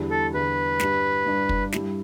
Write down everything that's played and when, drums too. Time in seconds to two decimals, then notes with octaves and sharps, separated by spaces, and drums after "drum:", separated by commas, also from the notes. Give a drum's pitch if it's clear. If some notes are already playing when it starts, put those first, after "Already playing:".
Already playing: E2 D3 G3 E4
0.10 A4
0.34 E2 D3 G3 E4 B4
0.79 G2 G3 D4, drum: snare
1.26 G2 G3 D4
1.49 drum: kick
1.72 G2 G3 E4, drum: snare